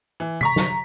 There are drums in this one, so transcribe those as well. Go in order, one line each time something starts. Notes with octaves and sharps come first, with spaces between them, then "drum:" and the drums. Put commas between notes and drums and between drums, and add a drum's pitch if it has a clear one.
E3
A#5 C#6 B6, drum: tom C3
drum: snare